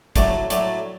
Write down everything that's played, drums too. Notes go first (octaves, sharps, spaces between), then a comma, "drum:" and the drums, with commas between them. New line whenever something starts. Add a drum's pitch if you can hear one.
A2 F#3 A3 D4, drum: kick, hi-hat
A2 F#3 A3 D4, drum: hi-hat